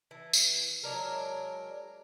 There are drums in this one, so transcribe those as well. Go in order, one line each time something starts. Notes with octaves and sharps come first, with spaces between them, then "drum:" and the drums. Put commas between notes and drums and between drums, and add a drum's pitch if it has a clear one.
E3
drum: tambourine
F#3 G#3 D4 A#4